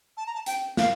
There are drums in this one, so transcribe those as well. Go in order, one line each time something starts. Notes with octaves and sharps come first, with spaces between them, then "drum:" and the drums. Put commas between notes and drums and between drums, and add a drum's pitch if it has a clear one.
A5
A#5
A5
G5, drum: hi-hat
F5, drum: snare